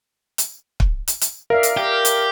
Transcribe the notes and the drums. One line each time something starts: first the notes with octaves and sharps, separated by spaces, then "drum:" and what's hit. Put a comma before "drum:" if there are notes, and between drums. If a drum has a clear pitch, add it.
drum: hi-hat
drum: kick
drum: hi-hat
drum: hi-hat
A#4 D5 E5 F5
drum: hi-hat
G4
drum: hi-hat